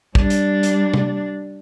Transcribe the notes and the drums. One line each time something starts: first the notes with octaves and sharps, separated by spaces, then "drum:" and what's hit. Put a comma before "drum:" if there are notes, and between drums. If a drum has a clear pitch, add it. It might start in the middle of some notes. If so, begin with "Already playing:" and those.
G3 D4, drum: kick
drum: hi-hat
drum: hi-hat
drum: tom C3